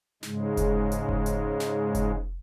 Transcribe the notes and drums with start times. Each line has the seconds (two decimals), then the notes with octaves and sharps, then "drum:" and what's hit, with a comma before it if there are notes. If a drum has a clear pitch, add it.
0.23 G#2 C#3 G#3, drum: snare
0.57 drum: kick F1, hi-hat
0.92 drum: hi-hat
1.09 drum: kick F1
1.26 drum: hi-hat
1.60 drum: snare
1.95 drum: kick F1, hi-hat